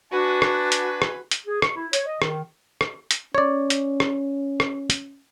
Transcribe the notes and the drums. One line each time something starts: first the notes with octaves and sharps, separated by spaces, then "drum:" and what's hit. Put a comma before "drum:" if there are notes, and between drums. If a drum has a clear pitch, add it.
D4 F#4 B4 G#5
drum: rim click
drum: hi-hat
drum: rim click
drum: hi-hat
G#4
C#6, drum: rim click
E4
C#5, drum: hi-hat
D#5
D#3, drum: rim click
drum: rim click
drum: hi-hat
C#4 C#5 D5
drum: hi-hat
drum: rim click
drum: rim click
drum: hi-hat